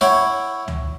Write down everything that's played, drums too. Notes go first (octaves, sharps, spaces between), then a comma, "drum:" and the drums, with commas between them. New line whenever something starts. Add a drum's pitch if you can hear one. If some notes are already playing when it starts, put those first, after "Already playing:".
E4 C#5 F#5 G5, drum: snare
drum: tom C#2